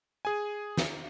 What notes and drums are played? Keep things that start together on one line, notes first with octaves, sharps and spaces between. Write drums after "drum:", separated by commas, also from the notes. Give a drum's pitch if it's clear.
G#4 G#5
drum: snare